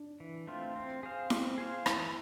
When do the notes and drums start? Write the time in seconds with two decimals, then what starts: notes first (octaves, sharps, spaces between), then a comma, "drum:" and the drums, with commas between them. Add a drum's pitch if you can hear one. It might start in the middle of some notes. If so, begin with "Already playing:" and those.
Already playing: D4
0.20 E3
0.47 A3 C4 F4
0.76 C4
1.03 G#4 C5 F5
1.30 C4, drum: snare E4
1.58 G#4 C5 F5
1.86 E3 E4, drum: rim click